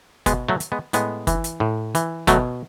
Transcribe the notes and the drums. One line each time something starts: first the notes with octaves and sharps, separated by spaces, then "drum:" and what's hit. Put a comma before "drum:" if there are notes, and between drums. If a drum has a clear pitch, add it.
B2 G#3 B3, drum: kick, hi-hat
F#3 A3
drum: hi-hat
G#3 B3
A2 G#3 B3, drum: hi-hat
E3, drum: kick, hi-hat
drum: hi-hat
A2
E3, drum: hi-hat
B2 F#3 A3, drum: kick, hi-hat